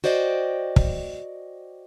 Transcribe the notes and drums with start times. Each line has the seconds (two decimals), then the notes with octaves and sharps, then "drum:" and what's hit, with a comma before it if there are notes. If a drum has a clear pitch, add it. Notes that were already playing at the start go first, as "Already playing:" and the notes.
0.04 F#4 C5 D5 D#5 G5
0.76 drum: kick